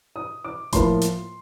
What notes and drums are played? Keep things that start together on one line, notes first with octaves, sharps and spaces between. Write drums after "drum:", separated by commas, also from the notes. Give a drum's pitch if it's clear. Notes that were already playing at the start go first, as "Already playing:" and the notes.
D#6
D6
A2 F3 A#3 C6, drum: kick F#1, hi-hat
drum: hi-hat